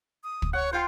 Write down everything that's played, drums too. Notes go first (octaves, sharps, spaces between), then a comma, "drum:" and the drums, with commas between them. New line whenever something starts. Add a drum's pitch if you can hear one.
D#6
drum: kick
C#5 F#5
F4 C5 G5 C6